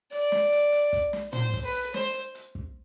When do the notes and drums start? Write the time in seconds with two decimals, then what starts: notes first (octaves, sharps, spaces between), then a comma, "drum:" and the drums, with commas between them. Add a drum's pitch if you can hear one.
0.12 D5, drum: hi-hat
0.32 drum: snare
0.52 drum: hi-hat
0.72 drum: hi-hat
0.93 drum: kick, hi-hat
1.13 drum: snare
1.33 C5, drum: tom
1.54 drum: kick, hi-hat
1.64 B4
1.74 drum: hi-hat
1.94 C5, drum: snare
2.14 drum: hi-hat
2.35 drum: hi-hat
2.55 drum: kick